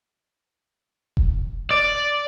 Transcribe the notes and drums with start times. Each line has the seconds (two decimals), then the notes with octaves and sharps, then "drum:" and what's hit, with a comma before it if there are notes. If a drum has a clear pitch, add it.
1.17 drum: kick E1
1.71 D5